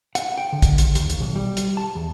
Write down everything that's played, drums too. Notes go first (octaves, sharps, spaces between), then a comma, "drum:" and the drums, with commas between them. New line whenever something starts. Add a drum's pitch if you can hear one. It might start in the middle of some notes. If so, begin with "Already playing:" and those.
F#5, drum: hi-hat
G5
D3
drum: kick, hi-hat
drum: hi-hat
D#2, drum: hi-hat
drum: hi-hat
B1
G3
drum: hi-hat
A5
E2